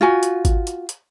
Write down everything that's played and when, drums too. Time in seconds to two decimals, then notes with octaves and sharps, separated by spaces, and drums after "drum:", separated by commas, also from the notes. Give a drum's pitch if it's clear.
0.01 F4 F#4 G#5
0.23 drum: hi-hat
0.45 drum: kick G#1, hi-hat
0.67 drum: hi-hat
0.89 drum: hi-hat